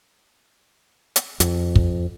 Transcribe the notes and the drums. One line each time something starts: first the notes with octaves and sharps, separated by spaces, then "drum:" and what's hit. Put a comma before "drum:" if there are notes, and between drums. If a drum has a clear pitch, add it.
drum: hi-hat
F2, drum: hi-hat
drum: kick